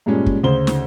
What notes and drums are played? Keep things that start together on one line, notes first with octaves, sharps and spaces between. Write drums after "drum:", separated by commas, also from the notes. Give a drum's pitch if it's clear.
G2 A#2 G3 G#3 C#4
drum: kick
D2 C#3 C5 G7
drum: snare